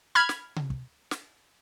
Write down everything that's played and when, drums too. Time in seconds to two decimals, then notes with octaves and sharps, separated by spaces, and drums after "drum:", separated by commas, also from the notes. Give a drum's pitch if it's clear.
0.15 B5 F6 G#6
0.29 drum: snare
0.56 drum: tom C3
0.70 drum: kick
1.11 drum: snare